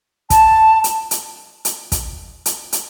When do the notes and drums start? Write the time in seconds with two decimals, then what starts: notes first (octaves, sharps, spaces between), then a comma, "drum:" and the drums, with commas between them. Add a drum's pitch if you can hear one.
0.30 A5, drum: kick, hi-hat
0.84 drum: hi-hat
1.11 drum: hi-hat
1.65 drum: hi-hat
1.92 drum: kick, hi-hat
2.46 drum: hi-hat
2.72 drum: hi-hat